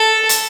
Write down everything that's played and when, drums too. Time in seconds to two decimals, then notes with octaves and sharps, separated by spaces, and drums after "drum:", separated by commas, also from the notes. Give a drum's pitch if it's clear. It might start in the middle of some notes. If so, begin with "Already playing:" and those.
Already playing: A4
0.29 drum: hi-hat